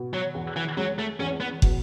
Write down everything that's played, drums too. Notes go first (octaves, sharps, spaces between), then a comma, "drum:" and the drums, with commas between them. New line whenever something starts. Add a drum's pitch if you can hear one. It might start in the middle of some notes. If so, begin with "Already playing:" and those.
Already playing: B2
F#3
E2
E3
F#3 G#3
A3
E2 C#4
B3
B2, drum: kick